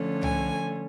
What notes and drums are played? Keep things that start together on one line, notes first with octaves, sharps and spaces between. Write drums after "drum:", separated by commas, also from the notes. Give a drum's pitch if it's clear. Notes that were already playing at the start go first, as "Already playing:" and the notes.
Already playing: D3 F3 A3 C#4
G#5, drum: tom C2